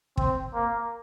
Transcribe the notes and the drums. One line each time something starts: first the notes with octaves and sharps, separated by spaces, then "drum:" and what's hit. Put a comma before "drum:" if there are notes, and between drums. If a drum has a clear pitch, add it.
C4, drum: kick
A#3